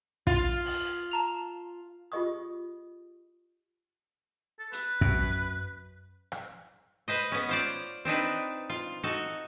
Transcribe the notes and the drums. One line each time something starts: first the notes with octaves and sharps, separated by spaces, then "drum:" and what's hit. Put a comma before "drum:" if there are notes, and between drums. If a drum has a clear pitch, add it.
F4, drum: kick
drum: open hi-hat
A5 A#5 F7
F4 G4 G#4 D#5 C#6 D#6
A4
B4, drum: hi-hat
F#2, drum: kick
drum: rim click
B4 C5 D#5
B3 C#4
F4 C5 D5
C4 D4 D#4 B4
F4
D#4 F#4 A4